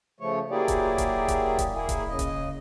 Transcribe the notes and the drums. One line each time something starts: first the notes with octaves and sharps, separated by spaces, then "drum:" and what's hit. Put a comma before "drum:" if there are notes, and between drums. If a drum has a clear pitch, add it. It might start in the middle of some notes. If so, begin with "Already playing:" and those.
C#3 F3 A3 C#5
F#3 A#3 E4 G4 G#4 D5
drum: kick D#1, hi-hat
drum: kick D#1, hi-hat
drum: kick D#1, hi-hat
drum: kick D#1, hi-hat
A#3 E4 G#4
drum: kick D#1, hi-hat
C#3 D#5
drum: kick D#1, hi-hat